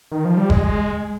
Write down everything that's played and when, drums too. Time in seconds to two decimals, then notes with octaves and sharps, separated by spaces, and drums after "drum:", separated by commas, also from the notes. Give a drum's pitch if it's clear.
0.12 D#3
0.25 F3
0.37 G3
0.50 G#3, drum: kick F#1